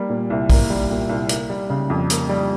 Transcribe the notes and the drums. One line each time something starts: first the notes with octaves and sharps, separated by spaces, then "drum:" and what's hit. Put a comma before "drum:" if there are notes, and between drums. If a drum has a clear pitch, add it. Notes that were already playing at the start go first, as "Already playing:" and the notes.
Already playing: G3 A#3
A#2
C2
A#3, drum: kick B1, open hi-hat
G3
A#2
C2
A#3, drum: hi-hat
G3
C#3
F2
A#3, drum: hi-hat
G3